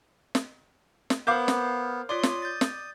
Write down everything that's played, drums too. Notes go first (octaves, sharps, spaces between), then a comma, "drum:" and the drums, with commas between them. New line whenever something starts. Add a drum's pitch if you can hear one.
drum: snare
drum: snare
B3 A#4 C5 F5 D6 G6
drum: snare
F4 C#5 D5 C6 D#6
drum: snare
G6 A6
drum: snare